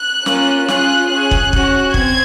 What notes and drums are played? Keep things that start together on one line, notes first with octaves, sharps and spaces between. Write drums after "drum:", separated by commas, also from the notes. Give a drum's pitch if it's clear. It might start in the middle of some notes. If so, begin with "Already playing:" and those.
Already playing: F#6
A#3 C#4 F4, drum: snare
C#4 F4 G#4 F#6, drum: snare
C#4 G#4 F#6
drum: kick
C#4 F#4, drum: kick
C4 G#6, drum: kick